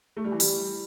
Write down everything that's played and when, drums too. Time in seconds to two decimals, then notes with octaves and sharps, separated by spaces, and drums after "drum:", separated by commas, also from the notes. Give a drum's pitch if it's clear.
0.17 A3
0.24 G3
0.32 E3
0.40 G3, drum: open hi-hat